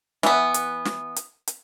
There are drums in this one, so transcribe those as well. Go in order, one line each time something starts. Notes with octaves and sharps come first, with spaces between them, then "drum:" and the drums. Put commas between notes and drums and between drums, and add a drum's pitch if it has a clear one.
E3 B3, drum: snare
drum: hi-hat
drum: snare
drum: hi-hat
drum: hi-hat